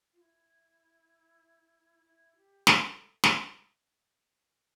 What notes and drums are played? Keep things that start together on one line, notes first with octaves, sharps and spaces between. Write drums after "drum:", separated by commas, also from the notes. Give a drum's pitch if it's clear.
F4
E4
E4
G4
A4, drum: snare
drum: snare